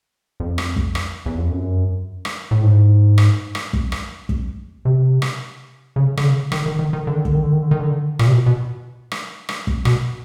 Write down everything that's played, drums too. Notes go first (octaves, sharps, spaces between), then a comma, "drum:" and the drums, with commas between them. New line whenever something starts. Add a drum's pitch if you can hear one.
F2
drum: rim click
drum: kick
drum: rim click
E2
F2
F#2
drum: rim click
A2
G#2
drum: rim click
drum: rim click
drum: kick
drum: rim click
drum: kick
C3
drum: rim click
C#3
D3, drum: rim click
C#3
D#3, drum: rim click
D#3
D#3
D#3
D3
D#3
D3, drum: kick
D#3
D3
D#3
D3
D#3
D3
A#2, drum: rim click
C3
B2
B2
drum: rim click
drum: rim click
drum: kick
B2, drum: rim click